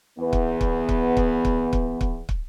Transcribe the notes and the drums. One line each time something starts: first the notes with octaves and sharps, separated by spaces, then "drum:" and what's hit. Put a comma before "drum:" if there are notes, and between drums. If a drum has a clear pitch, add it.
E2 B3
drum: kick
drum: kick
drum: kick
drum: kick
drum: kick
drum: kick
drum: kick
drum: kick